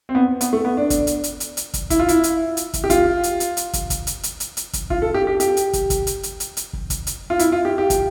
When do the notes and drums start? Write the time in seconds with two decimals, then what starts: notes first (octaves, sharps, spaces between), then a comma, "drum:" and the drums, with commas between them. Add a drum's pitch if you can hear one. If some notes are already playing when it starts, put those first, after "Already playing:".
0.09 C4
0.15 B3
0.41 B3, drum: hi-hat
0.53 A3
0.65 B3
0.77 D4
0.90 drum: kick, hi-hat
1.07 drum: hi-hat
1.24 drum: hi-hat
1.40 drum: hi-hat
1.57 drum: hi-hat
1.74 drum: kick, hi-hat
1.90 E4, drum: kick, hi-hat
1.99 F4
2.09 E4, drum: hi-hat
2.24 drum: hi-hat
2.57 drum: hi-hat
2.74 drum: kick, hi-hat
2.84 G4
2.90 F4, drum: kick, hi-hat
3.23 drum: hi-hat
3.40 drum: hi-hat
3.57 drum: hi-hat
3.73 drum: kick, hi-hat
3.90 drum: kick, hi-hat
4.07 drum: hi-hat
4.23 drum: hi-hat
4.40 drum: hi-hat
4.57 drum: hi-hat
4.73 drum: kick, hi-hat
4.90 F4, drum: kick
5.02 A4
5.14 G4
5.27 G4
5.40 G4, drum: hi-hat
5.57 drum: hi-hat
5.73 drum: kick, hi-hat
5.90 drum: kick, hi-hat
6.07 drum: hi-hat
6.23 drum: hi-hat
6.40 drum: hi-hat
6.57 drum: hi-hat
6.73 drum: kick
6.90 drum: kick, hi-hat
7.07 drum: hi-hat
7.30 F4
7.39 E4, drum: hi-hat
7.52 F4
7.65 G4
7.78 G4
7.90 drum: kick, hi-hat